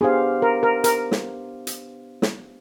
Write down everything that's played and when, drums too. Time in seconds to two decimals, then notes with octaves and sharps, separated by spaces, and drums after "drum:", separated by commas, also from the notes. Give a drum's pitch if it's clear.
0.01 B3 D4 G4 G#4 C5 F5
0.42 A#4
0.63 A#4
0.84 A#4, drum: hi-hat
1.11 drum: snare
1.67 drum: hi-hat
2.22 drum: snare